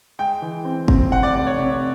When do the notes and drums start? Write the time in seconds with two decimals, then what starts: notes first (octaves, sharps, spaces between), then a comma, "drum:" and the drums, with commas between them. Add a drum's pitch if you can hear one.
0.19 G#3 G5
0.42 E3
0.65 C4
0.88 C4, drum: kick
1.12 F1 F#5
1.23 D5
1.35 F1 D5
1.47 C#5
1.58 C3